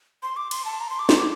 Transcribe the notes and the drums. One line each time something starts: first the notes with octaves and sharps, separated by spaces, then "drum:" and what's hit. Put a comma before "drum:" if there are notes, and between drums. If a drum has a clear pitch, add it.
C6
D6
C6, drum: cymbal
A5
A#5
C6
D6
C6, drum: snare
D6